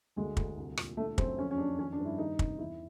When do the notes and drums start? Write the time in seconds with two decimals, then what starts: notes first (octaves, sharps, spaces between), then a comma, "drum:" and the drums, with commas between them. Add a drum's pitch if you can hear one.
0.16 D2 G#3
0.37 D2, drum: kick
0.57 C2
0.77 A#2, drum: rim click
0.97 D3 A3
1.18 F#2 C4, drum: kick
1.38 F2 C#4
1.51 C#4
1.58 F2 D4
1.78 D#3 C#4
1.93 D4
1.99 G2
2.05 E4
2.18 D#3 D#4
2.39 C3, drum: kick
2.59 E2 E4